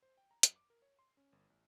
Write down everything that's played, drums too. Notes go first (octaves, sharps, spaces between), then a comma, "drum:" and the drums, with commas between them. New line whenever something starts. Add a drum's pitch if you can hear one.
C5
G5
A#5
F#2, drum: hi-hat
D6
A#4
C#5
C6
C#4
G1
A1